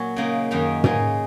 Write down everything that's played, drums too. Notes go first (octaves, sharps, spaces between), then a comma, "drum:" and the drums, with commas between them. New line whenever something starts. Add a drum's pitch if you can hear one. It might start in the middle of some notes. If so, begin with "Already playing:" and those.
Already playing: A#2 F#3 C#4
C#3 A#3 D#4
F#2 D#3 A#3 D#4
C#3 G#3 D#4, drum: tom